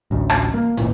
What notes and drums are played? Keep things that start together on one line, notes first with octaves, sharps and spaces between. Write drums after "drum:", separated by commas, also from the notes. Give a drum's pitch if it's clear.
A1 D2
drum: rim click
A#3
G#1 E2 A#2 E3, drum: hi-hat